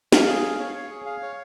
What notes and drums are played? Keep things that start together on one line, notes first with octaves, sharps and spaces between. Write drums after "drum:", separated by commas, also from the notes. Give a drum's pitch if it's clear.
F5, drum: snare
G#4
F5
C#5
C#5
G#4
F5
C#5